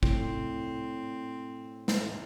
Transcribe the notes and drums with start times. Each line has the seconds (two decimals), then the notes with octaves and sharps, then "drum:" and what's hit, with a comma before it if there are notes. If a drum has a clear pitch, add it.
0.03 A2 C4, drum: kick
1.88 drum: snare